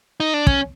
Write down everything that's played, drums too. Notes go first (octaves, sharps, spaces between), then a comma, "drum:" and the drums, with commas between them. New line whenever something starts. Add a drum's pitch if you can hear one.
D#4
D4
C#4, drum: kick